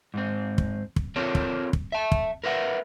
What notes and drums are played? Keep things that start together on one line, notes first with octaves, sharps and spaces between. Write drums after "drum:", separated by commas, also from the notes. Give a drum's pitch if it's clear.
G#2 C4
drum: kick
drum: kick
C4 F4 A4 A#4 C#5
drum: kick
drum: kick
E5 A5
drum: kick
A#4 B4 E5 F#5